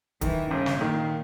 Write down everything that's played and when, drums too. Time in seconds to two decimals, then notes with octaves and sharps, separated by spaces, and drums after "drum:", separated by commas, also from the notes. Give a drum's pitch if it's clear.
0.21 D#3 E3, drum: kick, hi-hat
0.51 G1 C#3
0.66 drum: snare
0.81 A#2 D#3